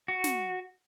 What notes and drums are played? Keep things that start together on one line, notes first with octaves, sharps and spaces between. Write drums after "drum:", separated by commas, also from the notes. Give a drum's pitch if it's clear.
F#4
drum: snare